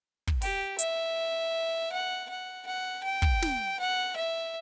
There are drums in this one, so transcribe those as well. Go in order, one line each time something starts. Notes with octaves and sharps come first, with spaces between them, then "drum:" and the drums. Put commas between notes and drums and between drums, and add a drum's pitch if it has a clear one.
drum: kick
G4, drum: open hi-hat
E5, drum: hi-hat
F#5
F#5
F#5
G5
drum: kick
drum: snare
F#5
E5